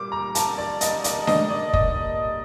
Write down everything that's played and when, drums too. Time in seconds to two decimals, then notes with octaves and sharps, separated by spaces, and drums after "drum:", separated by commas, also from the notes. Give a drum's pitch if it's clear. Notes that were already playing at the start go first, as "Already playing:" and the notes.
Already playing: A#2 G3 D6
0.12 A#5
0.35 A5, drum: hi-hat
0.58 D5
0.81 D#5, drum: hi-hat
1.04 D5, drum: hi-hat
1.27 D#5, drum: snare D4
1.50 D5
1.73 D#5, drum: kick